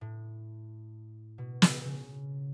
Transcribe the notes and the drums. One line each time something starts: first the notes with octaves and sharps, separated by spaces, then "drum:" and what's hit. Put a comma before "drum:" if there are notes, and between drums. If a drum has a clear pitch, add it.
A2
B2
C#3, drum: snare
C#3